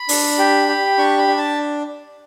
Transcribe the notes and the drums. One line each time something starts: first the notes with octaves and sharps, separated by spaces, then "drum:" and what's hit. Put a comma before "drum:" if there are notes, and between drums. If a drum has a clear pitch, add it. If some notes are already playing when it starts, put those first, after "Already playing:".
Already playing: B5
D4, drum: open hi-hat
G4
G4
D4 C#6
B5
D4
A5